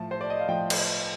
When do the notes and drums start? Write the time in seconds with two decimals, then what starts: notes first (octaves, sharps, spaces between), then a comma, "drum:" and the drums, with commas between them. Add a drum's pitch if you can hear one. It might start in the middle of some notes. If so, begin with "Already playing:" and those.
Already playing: A2 F3 A5
0.11 C5
0.21 D5
0.30 D#5
0.39 F5
0.48 A2 F3 G5
0.70 drum: cymbal